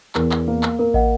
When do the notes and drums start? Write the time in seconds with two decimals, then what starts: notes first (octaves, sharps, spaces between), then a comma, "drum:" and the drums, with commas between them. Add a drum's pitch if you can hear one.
0.15 E2 A#4, drum: clap
0.32 drum: clap
0.48 A#3
0.63 drum: clap
0.79 A#3 A#4
0.94 D#5 F#5, drum: kick